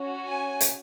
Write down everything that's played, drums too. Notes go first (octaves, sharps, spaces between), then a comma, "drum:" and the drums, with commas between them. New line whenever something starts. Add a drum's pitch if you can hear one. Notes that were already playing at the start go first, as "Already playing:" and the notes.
Already playing: C#4 F#4
G#5
drum: hi-hat